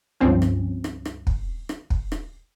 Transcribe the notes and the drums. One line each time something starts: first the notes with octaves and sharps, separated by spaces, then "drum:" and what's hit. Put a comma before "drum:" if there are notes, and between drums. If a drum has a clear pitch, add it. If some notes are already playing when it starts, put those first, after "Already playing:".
C#2 G2 F3 C4 C#4
drum: rim click
drum: rim click
drum: rim click
drum: kick
drum: rim click
drum: kick
drum: rim click